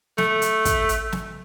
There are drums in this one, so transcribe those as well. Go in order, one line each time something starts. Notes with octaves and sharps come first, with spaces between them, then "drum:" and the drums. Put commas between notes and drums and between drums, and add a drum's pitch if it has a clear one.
A3, drum: snare
drum: hi-hat
drum: kick, hi-hat
drum: hi-hat
drum: snare